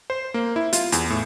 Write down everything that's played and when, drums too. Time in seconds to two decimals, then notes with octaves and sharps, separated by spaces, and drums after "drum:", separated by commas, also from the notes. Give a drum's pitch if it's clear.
0.10 C5
0.34 A#3
0.56 E4
0.73 F4, drum: hi-hat
0.92 E2, drum: hi-hat
1.10 A2